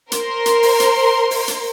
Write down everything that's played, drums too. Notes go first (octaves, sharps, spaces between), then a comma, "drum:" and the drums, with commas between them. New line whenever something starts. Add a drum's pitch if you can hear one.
A#4 C5 C6, drum: hi-hat
drum: hi-hat
drum: open hi-hat
drum: hi-hat
drum: open hi-hat
drum: hi-hat